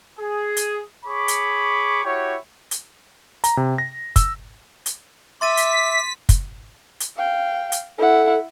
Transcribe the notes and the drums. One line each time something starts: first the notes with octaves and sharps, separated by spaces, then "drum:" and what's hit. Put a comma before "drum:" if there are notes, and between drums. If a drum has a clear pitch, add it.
G#4
drum: hi-hat
G#4 C#5 B5 C#6 D6
drum: hi-hat
E4 F#4 G4 C#5
drum: hi-hat
A#5, drum: hi-hat
C3
A#6
E6, drum: kick, hi-hat
drum: hi-hat
E5 C6 D6 A6 B6 D#7
drum: hi-hat
drum: kick, hi-hat
drum: hi-hat
F5 G5
drum: hi-hat
E4 A4 F#5